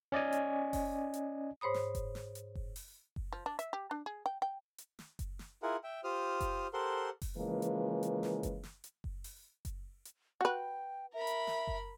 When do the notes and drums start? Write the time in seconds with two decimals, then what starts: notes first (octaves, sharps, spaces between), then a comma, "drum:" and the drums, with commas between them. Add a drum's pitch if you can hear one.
0.12 C#4 D5 D#5 G#5
0.32 drum: hi-hat
0.73 drum: kick F#1, open hi-hat
1.14 drum: hi-hat
1.61 G#2 C5 C#5 B5 D#6
1.74 drum: snare
1.95 drum: kick F#1, hi-hat
2.15 drum: snare
2.35 drum: hi-hat
2.55 drum: kick F#1
2.76 drum: open hi-hat
3.16 drum: kick F#1
3.33 F3
3.46 D4
3.59 E5, drum: hi-hat
3.73 G4
3.91 D4
4.06 G#4
4.26 G5
4.42 G5
4.78 drum: hi-hat
4.99 drum: snare
5.19 drum: kick F#1, hi-hat
5.39 drum: snare
5.63 E4 F4 G#4 A#4 F#5
5.84 E5 G5
6.04 F4 G4 C5 D#6 F6
6.40 drum: kick F#1, hi-hat
6.73 G4 A4 A#4 C5 F#5 C6
7.22 drum: kick F#1, open hi-hat
7.37 C#3 E3 F3 G#3 A#3 B4
7.62 drum: hi-hat
8.03 drum: hi-hat
8.23 drum: snare
8.43 drum: kick F#1, hi-hat
8.63 drum: snare
8.84 drum: hi-hat
9.04 drum: kick F#1
9.24 drum: open hi-hat
9.65 drum: kick F#1, hi-hat
10.05 drum: hi-hat
10.41 F#4 B4 G5
11.14 A#4 E5 B5
11.27 drum: hi-hat
11.47 drum: snare
11.67 drum: kick F#1